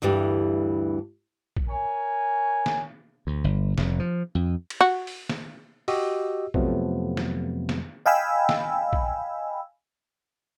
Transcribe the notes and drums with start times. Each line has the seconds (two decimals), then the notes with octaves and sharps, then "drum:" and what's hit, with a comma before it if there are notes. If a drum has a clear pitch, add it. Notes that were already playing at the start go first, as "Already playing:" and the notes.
0.02 D2 G2 E3 G3
1.57 drum: kick A#1
1.69 A#4 C#5 G#5
2.66 drum: snare
3.27 D2
3.44 G1
3.78 F1, drum: snare
4.00 F3
4.35 F2
4.70 drum: cymbal
4.81 F#4
5.07 drum: open hi-hat
5.29 drum: snare
5.88 F#4 G4 D#5 E6, drum: open hi-hat
6.54 F2 C3 F3 F#3 A3 B3, drum: kick A#1
7.17 drum: snare
7.69 drum: snare
8.06 D#5 F5 G5 G#5 B5 E6
8.49 drum: snare
8.93 drum: kick A#1